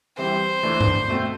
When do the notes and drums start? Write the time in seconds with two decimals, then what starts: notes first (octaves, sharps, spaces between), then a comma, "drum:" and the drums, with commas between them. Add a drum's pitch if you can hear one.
0.18 E3 G3 C4 G4 C5
0.63 E3 A3 D4
0.80 drum: tom G2
1.08 B2 A3 C4